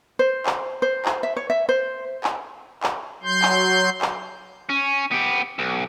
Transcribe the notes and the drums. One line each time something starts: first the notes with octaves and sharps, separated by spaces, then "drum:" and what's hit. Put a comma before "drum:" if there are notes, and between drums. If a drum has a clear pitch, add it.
C5
drum: clap
C5
drum: clap
E5
C#5
E5
C5
drum: clap
drum: clap
F#3 C6 G6
drum: clap
drum: clap
C#4
B3 G4
B1